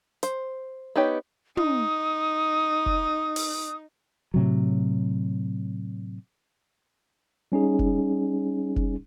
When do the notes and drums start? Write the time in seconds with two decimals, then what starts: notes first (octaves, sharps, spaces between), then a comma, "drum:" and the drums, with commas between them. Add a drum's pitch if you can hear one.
0.23 C5, drum: hi-hat
0.96 B3 D#4 G4 C#5
1.57 D#4 D#6, drum: tom
2.86 drum: kick F1
3.36 drum: open hi-hat
4.34 A2 C3 F#3
7.52 G3 C#4 D#4 G#4
7.79 drum: kick F1
8.76 drum: kick F1